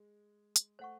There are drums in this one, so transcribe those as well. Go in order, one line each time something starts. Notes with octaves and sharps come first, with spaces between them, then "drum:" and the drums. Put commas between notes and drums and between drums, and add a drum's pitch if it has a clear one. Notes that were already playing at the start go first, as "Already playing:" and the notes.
Already playing: G#3
drum: hi-hat
A3 C5 F#5 C#6